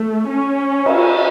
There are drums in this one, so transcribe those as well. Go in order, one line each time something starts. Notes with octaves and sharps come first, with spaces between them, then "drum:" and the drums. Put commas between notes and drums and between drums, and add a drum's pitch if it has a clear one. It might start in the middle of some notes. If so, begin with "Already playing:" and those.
Already playing: A3
C#4
drum: cymbal